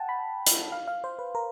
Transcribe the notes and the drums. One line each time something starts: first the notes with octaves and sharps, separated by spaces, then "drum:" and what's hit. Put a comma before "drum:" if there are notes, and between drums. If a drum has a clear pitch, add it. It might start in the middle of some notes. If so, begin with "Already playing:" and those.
Already playing: F#5 G5 A5
B5
drum: hi-hat
F5
F5
C5
B4
A#4